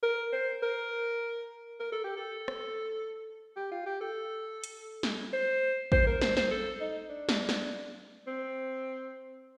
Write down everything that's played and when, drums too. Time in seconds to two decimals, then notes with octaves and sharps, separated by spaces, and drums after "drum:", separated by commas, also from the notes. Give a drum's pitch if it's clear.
0.03 A#4
0.32 C5
0.63 A#4
1.80 A#4
1.92 A4
2.04 G4
2.16 A4
2.48 drum: rim click
3.56 G4
3.71 F4
3.86 G4
4.01 A4
4.64 drum: hi-hat
5.03 drum: snare
5.33 C5
5.92 C5, drum: kick A1
6.06 A#4
6.22 C5, drum: snare
6.37 C5, drum: snare
6.51 A4
6.80 D#4
7.09 D4
7.29 drum: snare
7.49 drum: snare
8.27 C4